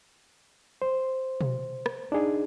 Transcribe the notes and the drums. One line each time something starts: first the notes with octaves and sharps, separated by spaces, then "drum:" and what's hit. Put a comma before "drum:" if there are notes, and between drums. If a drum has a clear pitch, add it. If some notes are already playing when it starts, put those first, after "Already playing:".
C5
drum: tom B2
drum: rim click
D4 D#4 G#4